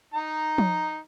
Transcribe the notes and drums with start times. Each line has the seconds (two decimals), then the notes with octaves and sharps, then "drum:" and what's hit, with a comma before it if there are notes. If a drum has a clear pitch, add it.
0.14 D#4 A#5
0.58 drum: tom F3